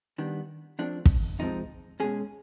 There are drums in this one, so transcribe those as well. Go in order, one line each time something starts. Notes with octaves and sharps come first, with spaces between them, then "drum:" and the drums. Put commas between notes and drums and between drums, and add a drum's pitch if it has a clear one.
D#3 G3 B3 D4
F3 A3 C4 D4
drum: kick
C3 F3 G#3 C4 D#4
B2 G#3 C#4 G#4